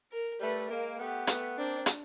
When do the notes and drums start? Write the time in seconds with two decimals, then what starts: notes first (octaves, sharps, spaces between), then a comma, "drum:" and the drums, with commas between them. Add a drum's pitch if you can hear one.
0.12 A#4
0.40 G3 A3 B4
0.69 G#3 A#3 A#4
0.98 A3 B3 G4
1.27 A3 B3, drum: hi-hat
1.57 A#3 C4 D4
1.86 drum: hi-hat